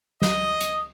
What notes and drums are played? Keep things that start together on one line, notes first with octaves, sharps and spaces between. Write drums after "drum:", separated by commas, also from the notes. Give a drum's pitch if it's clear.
D#5 D#6, drum: snare
drum: hi-hat